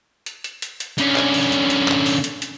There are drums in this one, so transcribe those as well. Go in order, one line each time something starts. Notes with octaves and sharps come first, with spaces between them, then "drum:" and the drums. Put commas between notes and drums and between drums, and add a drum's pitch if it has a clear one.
drum: hi-hat
drum: hi-hat
drum: hi-hat
drum: hi-hat
D3 C#4, drum: hi-hat
drum: clap
drum: open hi-hat
drum: hi-hat
drum: hi-hat
drum: clap
drum: open hi-hat
drum: hi-hat
drum: hi-hat